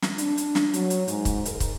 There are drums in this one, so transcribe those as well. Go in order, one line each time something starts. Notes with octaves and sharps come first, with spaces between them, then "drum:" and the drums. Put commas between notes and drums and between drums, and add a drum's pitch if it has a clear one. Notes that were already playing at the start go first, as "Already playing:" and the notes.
drum: snare
D4, drum: hi-hat
drum: hi-hat
drum: snare
F#3, drum: hi-hat
drum: hi-hat
G#2, drum: hi-hat
drum: kick, hi-hat
A#4, drum: hi-hat
drum: kick, hi-hat